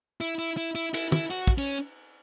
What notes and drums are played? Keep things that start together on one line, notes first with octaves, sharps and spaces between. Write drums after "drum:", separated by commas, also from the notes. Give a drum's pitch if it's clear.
E4
E4
E4
E4
E4, drum: cymbal
E4, drum: tom
F#4
drum: kick
C#4